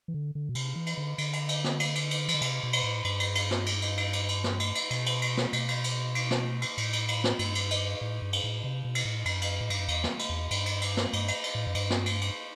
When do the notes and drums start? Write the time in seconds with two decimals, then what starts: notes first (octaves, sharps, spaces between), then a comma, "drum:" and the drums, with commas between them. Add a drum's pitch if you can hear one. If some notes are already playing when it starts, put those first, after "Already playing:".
0.08 E3
0.14 D3
0.35 D3
0.49 B2
0.55 C3, drum: cymbal
0.76 E3
0.86 drum: cymbal
0.97 D3
1.18 D3, drum: cymbal
1.33 drum: cymbal
1.49 drum: cymbal
1.64 drum: snare
1.80 drum: cymbal
1.95 drum: cymbal
2.11 drum: cymbal
2.28 E3, drum: cymbal
2.34 D3
2.41 C3, drum: cymbal
2.63 B2
2.73 drum: cymbal
2.83 A2
3.05 G2, drum: cymbal
3.20 drum: cymbal
3.35 drum: cymbal
3.51 drum: snare
3.66 drum: cymbal
3.82 drum: cymbal
3.97 drum: cymbal
4.13 drum: cymbal
4.29 drum: cymbal
4.44 drum: snare
4.60 drum: cymbal
4.75 drum: cymbal
4.91 B2, drum: cymbal
5.06 drum: cymbal
5.22 drum: cymbal
5.37 drum: snare
5.53 B2, drum: cymbal
5.68 drum: cymbal
5.84 drum: cymbal
6.15 drum: cymbal
6.31 drum: snare
6.62 drum: cymbal
6.77 A2, drum: cymbal
6.93 drum: cymbal
7.08 drum: cymbal
7.24 drum: snare
7.39 G2, drum: cymbal
7.55 drum: cymbal
7.71 drum: cymbal
8.01 A2
8.22 G2
8.33 drum: cymbal
8.44 A2
8.64 C3
8.85 B2
8.95 drum: cymbal
9.05 A2
9.25 F#2, drum: cymbal
9.42 drum: cymbal
9.61 A2
9.70 G2, drum: cymbal
9.79 F#2
9.88 E2, drum: cymbal
10.04 drum: snare
10.19 drum: cymbal
10.29 E2
10.51 G2, drum: cymbal
10.66 drum: cymbal
10.81 drum: cymbal
10.97 drum: snare
11.13 G2, drum: cymbal
11.28 drum: cymbal
11.44 drum: cymbal
11.55 A2
11.67 F#2
11.75 G2, drum: cymbal
11.90 drum: snare
12.06 drum: cymbal
12.21 drum: cymbal